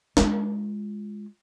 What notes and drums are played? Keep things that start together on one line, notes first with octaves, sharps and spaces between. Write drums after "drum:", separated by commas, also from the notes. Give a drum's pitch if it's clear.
G#3 F4, drum: snare